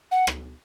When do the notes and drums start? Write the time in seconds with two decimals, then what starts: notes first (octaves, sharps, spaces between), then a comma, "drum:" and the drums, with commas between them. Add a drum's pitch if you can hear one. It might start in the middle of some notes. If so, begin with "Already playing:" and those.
0.12 F#5
0.27 drum: rim click